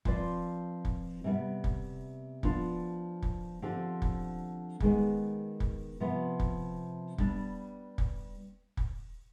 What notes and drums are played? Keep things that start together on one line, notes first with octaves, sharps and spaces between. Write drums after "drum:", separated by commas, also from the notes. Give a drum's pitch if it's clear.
F3 C4 F4 B4 D5, drum: kick
drum: kick
C3 G3 B3
drum: kick
F3 B3 D4 F4, drum: kick
drum: kick
D3 F3 C4 G4
drum: kick
D#3 G#3 B3, drum: kick
drum: kick
C3 F3 B3
drum: kick
G3 B3 D4, drum: kick
drum: kick
drum: kick